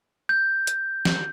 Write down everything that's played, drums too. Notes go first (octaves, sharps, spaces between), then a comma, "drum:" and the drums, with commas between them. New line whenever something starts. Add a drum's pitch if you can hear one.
G6
drum: hi-hat
drum: snare